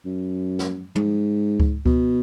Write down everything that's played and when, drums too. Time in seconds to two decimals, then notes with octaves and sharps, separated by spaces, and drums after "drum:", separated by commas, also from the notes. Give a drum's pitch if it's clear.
0.05 F#2
0.59 drum: snare
0.95 G#2, drum: tom
1.60 drum: kick C#2
1.86 B2, drum: kick C#2